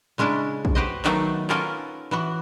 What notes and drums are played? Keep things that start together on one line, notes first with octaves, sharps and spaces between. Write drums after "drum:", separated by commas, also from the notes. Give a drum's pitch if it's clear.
C#3 G#3 C#4 D4 E4
drum: kick
F#4 G4 B4 C5 D#5
D#3 F#3 A3 B3 D#4, drum: clap
B3 C#4 F4 A4 A#4, drum: clap
E3 B3 F#4